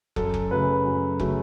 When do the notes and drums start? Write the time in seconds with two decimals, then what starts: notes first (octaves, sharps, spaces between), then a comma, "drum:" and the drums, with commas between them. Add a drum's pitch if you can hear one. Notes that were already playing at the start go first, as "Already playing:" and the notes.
0.16 F#2 A4, drum: kick
0.34 drum: kick
0.51 C#3 F#3 A3 B4
0.85 F#2
1.20 C#3 F#3 A3, drum: kick